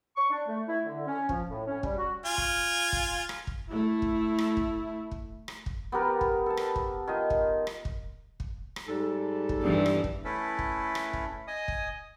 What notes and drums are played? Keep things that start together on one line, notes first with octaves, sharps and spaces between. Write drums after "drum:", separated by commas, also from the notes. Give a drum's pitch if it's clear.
C#6
D4
A3
E4
D3
C#4
F3, drum: kick
A2
C#4
G3, drum: kick
F#4
F4 G#5
drum: kick
drum: kick
drum: rim click
drum: kick
A3 E4
drum: kick
drum: rim click
drum: kick
drum: kick
drum: rim click
drum: kick
B3 G4 A#4 B4
drum: kick
A4 A5
drum: rim click
drum: kick
D#3 F4 D#5
drum: kick
drum: rim click
drum: kick
drum: kick
drum: rim click
G#2 G3 A4
drum: kick
G2 E3
drum: rim click
drum: kick
A3 C#4 E4 A4 B4
drum: kick
drum: rim click
drum: kick
D#5 G#5 D#6
drum: kick